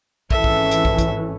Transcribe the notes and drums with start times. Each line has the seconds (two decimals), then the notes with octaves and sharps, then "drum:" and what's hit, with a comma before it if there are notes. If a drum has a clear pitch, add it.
0.31 G#1 E3 C#4 A4 E5, drum: kick
0.44 drum: kick
0.71 drum: hi-hat
0.85 drum: kick
0.99 drum: kick, hi-hat